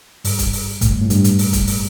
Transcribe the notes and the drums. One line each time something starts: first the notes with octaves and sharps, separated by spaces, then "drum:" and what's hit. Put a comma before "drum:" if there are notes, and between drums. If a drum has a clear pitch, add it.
G2, drum: open hi-hat
drum: kick C#1, hi-hat
drum: open hi-hat
A2, drum: kick C#1, hi-hat
G2
A2
G2, drum: hi-hat
drum: hi-hat
drum: open hi-hat
drum: kick C#1, hi-hat
drum: open hi-hat